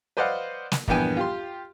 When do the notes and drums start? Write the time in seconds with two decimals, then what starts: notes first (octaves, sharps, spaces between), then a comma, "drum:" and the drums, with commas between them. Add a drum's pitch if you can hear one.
0.17 B4 C5 D5 D#5 F5 F#5
0.72 drum: snare
0.88 A#1 E2 G2 B3 G5 G#5, drum: kick
1.17 F4 G4 C6